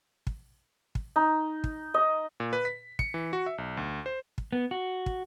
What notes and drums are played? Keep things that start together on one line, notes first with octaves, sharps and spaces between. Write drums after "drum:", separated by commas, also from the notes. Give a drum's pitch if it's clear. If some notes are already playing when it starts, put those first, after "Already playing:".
drum: kick
drum: kick
D#4
drum: kick
D#5
A#2
B4
B6
C#7, drum: kick
E3
F#4
E5
B1
D2
C5
drum: kick
B3
F#4
drum: kick